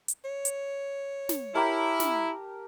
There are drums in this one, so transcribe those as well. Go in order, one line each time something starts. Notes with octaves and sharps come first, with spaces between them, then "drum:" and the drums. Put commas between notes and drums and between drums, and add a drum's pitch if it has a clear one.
drum: hi-hat
C#5
drum: hi-hat
drum: snare
E4 G4 A#4 A5
drum: snare